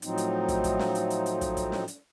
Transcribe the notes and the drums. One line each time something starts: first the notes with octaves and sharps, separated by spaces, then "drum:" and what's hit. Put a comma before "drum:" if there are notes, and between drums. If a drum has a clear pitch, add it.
A2 F3 F#3 C4 D#4, drum: hi-hat
drum: hi-hat
drum: kick, hi-hat
drum: kick, hi-hat
drum: snare
drum: hi-hat
drum: hi-hat
drum: hi-hat
drum: kick, hi-hat
drum: kick, hi-hat
drum: snare
drum: hi-hat